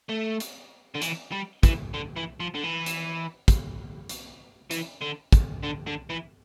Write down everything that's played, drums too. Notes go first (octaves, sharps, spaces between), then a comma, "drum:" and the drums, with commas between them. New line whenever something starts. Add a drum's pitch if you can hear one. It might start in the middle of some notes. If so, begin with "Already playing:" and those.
A3
drum: hi-hat
D3
E3, drum: hi-hat
G3
E3, drum: kick, hi-hat
D3
E3
F3
D3
E3
drum: hi-hat
drum: kick, hi-hat
drum: hi-hat
E3, drum: hi-hat
D3
drum: kick, hi-hat
D3
D3
E3